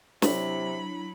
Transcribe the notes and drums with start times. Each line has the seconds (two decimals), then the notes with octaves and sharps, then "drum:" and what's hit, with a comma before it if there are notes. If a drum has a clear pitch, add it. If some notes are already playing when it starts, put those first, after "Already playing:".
0.22 C3 F#3 D4 E4 C#5 B5, drum: snare